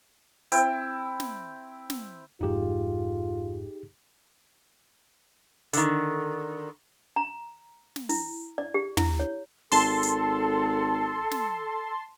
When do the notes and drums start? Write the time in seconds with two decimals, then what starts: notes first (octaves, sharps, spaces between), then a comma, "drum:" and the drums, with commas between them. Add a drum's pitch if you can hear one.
0.52 C4 E4 G5, drum: hi-hat
1.20 drum: snare
1.90 drum: snare
2.41 F1 G#2 D#4 F4 G4 G#4
5.73 D3 D#3, drum: hi-hat
7.16 A#5
7.96 drum: snare
8.09 E4, drum: open hi-hat
8.58 D5
8.74 G4
8.97 E4, drum: tom
9.20 C#5
9.72 G#1 A4 A5 C6, drum: open hi-hat
10.03 drum: hi-hat
11.31 drum: snare